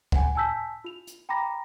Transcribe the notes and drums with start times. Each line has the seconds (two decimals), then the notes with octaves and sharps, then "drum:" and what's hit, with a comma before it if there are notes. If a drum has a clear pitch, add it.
0.12 F#5 G#5, drum: kick
0.35 G#5 A5 E6 G6 B6
0.84 F4 F7
1.07 drum: hi-hat
1.29 G5 A#5 B5 D6 A#6